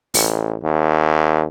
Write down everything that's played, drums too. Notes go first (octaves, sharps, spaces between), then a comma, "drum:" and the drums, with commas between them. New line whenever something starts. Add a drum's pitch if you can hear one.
A1, drum: open hi-hat
D#2